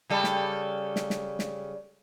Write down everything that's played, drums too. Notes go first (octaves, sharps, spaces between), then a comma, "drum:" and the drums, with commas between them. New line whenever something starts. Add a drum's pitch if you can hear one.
C#3 G3 A4
drum: snare
drum: snare
drum: snare
drum: snare